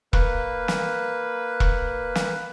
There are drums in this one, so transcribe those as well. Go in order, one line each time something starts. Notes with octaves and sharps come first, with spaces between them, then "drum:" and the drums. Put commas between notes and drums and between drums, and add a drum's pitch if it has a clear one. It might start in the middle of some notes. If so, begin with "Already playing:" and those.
A#3 B4, drum: kick E1
drum: snare
drum: kick E1
drum: snare